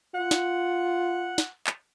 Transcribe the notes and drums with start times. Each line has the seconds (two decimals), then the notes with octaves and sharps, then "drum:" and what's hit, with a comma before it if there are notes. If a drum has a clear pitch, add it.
0.15 F4 F#5
0.31 drum: snare
1.38 drum: snare
1.67 drum: clap